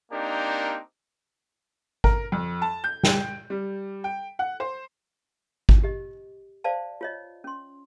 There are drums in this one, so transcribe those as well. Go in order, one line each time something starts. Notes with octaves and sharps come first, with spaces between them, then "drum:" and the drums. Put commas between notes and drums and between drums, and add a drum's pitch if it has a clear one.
A#3 C4 D4 D#4 G4 A#4
A#4, drum: kick G#1
F2
A5
G6
G5, drum: snare
G3
G5
F#5
C5
drum: kick G#1
G4 D#5
C5 D5 F5 A5
F4 C#5 D#5
C#4 C6